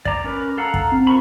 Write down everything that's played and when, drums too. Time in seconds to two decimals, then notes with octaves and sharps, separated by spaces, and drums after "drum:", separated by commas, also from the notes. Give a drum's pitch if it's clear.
0.05 D5 A#5 D6, drum: kick
0.24 C#4 A#4 B4
0.58 A4 F5 F#5 A5 A#5
0.74 drum: kick
0.92 C4
1.07 F4 A#4 B5 C#6